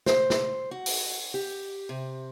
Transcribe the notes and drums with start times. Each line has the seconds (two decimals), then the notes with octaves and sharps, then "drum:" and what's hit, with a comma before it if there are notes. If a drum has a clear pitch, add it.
0.06 C5, drum: snare
0.30 drum: snare
0.71 F#4
0.86 drum: open hi-hat
1.34 G4
1.89 C3